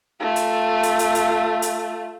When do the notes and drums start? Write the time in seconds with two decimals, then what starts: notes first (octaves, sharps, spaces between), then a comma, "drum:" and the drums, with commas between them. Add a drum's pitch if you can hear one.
0.20 A3 F4
0.36 drum: hi-hat
0.83 drum: hi-hat
0.99 drum: hi-hat
1.15 drum: hi-hat
1.62 drum: hi-hat